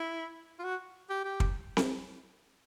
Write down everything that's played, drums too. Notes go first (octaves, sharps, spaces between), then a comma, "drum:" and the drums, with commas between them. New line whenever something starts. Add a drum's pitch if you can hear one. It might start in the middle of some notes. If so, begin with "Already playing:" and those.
Already playing: E4
F4
F#4
G4
G4
drum: kick
drum: snare C4